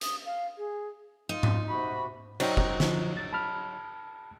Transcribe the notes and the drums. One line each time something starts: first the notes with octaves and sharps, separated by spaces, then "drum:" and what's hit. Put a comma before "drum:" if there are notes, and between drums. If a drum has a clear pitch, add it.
D#6, drum: hi-hat
F5
G#4
D#4 F4
drum: tom G#2
C3 F#4 B5
F#3 D#4 C5 G5, drum: cymbal
drum: kick
D3 F3, drum: snare
A6
A5 B5 F6